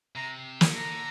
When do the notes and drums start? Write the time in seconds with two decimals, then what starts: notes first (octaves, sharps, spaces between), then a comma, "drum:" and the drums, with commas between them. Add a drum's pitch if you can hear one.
0.15 C3 A#5
0.61 D3, drum: snare
0.75 A#5